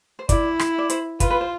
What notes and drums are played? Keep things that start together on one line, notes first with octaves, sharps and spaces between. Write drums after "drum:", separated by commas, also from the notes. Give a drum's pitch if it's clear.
C5
E4 D5, drum: kick, hi-hat
drum: rim click
D5
C5, drum: hi-hat
F4 B4, drum: kick, hi-hat
B4
C5